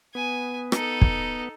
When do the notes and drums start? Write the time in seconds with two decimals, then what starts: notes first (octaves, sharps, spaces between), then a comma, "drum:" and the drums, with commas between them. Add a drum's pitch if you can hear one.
0.15 B3 G#5
0.72 D#4 A4, drum: rim click
1.01 drum: kick